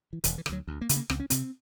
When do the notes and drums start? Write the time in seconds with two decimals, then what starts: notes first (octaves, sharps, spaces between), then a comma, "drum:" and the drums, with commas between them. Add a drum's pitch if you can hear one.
0.13 E3
0.24 E1 D#3, drum: hi-hat
0.38 E3
0.46 D3, drum: rim click
0.49 D2 F#3
0.68 D2
0.81 A#3
0.89 C#3, drum: hi-hat
0.96 A#3
1.10 C#2 C4, drum: rim click
1.20 C#4
1.30 C3 C4, drum: hi-hat